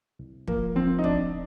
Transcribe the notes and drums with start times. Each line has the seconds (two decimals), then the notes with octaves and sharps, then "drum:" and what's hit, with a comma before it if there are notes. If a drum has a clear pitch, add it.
0.19 C2
0.48 F3 A#3, drum: kick
0.76 F3 C4
0.99 D#4
1.04 C4 D4, drum: kick